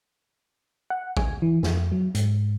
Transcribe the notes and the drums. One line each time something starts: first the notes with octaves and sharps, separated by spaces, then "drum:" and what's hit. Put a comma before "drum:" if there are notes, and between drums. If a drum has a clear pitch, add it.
F#5
G#5, drum: kick
E3
F2, drum: snare
F#3
G#2, drum: hi-hat